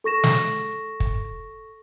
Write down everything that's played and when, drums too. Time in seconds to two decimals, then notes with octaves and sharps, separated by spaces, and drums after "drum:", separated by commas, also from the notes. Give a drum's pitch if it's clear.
0.04 A4 C#6 A#6 E7
0.24 drum: snare
1.00 drum: kick